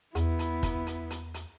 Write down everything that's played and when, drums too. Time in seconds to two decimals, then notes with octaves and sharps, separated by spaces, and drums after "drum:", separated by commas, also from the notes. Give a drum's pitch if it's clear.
0.15 E2 B3 E4, drum: hi-hat
0.39 drum: hi-hat
0.63 drum: kick, hi-hat
0.87 drum: hi-hat
1.10 drum: hi-hat
1.34 drum: hi-hat